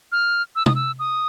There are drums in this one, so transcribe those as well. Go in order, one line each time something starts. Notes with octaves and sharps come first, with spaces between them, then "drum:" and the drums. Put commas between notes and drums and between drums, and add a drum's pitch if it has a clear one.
F6
E6
D#6, drum: tom
E6
D#6